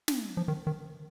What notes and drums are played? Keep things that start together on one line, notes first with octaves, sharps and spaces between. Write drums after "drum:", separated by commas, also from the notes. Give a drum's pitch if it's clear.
drum: snare
F3
D#3
D#3